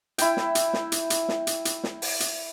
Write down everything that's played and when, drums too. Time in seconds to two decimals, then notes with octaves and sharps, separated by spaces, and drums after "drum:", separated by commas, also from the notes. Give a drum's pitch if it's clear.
0.18 E4 G5, drum: hi-hat
0.37 drum: snare
0.55 drum: hi-hat
0.73 drum: snare
0.92 drum: hi-hat
1.10 drum: hi-hat
1.28 drum: snare
1.47 drum: hi-hat
1.65 drum: hi-hat
1.84 drum: snare
2.02 drum: open hi-hat
2.20 drum: hi-hat